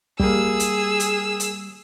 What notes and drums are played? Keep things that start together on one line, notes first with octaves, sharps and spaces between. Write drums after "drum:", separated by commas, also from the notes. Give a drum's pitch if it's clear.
G3 A#3 G4 G#4 E6, drum: kick
drum: hi-hat
drum: hi-hat
drum: hi-hat